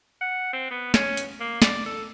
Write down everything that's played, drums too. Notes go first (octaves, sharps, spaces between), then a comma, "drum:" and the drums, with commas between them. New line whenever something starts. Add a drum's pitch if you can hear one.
F#5
C4
B3
C#4, drum: snare
drum: hi-hat
A#3
D5, drum: snare
A4